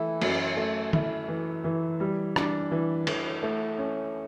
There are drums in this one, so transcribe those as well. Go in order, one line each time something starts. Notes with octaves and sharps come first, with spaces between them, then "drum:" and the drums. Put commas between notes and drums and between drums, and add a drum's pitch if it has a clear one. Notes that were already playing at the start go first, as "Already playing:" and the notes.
Already playing: E3 A3 E4
F#2, drum: cymbal
A3
E4, drum: tom
E3
E3
G3
D4, drum: rim click
E3
E3, drum: cymbal
A3
C#4